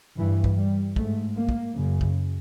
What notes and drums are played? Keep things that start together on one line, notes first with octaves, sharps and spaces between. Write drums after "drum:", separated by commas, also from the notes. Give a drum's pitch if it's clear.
G2 E3
drum: kick
G3
G#2 A3, drum: kick
A#3
drum: kick
F#2 C#3
drum: kick